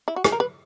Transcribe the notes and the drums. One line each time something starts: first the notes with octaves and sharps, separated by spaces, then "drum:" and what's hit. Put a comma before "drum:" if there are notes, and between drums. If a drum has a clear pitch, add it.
E4
F#4
G#4, drum: rim click
A#4
B4